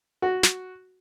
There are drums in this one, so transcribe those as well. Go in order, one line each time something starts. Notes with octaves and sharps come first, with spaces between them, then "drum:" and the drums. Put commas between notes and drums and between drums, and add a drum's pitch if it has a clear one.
F#4
drum: snare